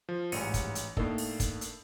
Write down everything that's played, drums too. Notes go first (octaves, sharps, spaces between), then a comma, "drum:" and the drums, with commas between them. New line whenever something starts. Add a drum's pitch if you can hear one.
F3
A1 G#2 G3 C#7 D#7, drum: open hi-hat
drum: kick, hi-hat
drum: hi-hat
A2 A#3 D4 D#4 A4, drum: kick
drum: open hi-hat
drum: kick, hi-hat
drum: hi-hat